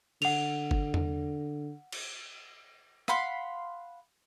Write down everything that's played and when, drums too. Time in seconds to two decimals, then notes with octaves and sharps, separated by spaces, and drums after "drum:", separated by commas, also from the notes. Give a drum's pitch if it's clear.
0.22 D3 F#5 F7, drum: cymbal
0.71 drum: kick G1
0.94 drum: tom E2
1.92 drum: cymbal
3.08 F5 F#5 B5 C6, drum: rim click